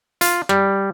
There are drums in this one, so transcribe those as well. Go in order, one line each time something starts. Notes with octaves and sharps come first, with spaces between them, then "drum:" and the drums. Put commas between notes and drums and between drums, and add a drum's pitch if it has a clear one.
F4, drum: hi-hat
G3, drum: rim click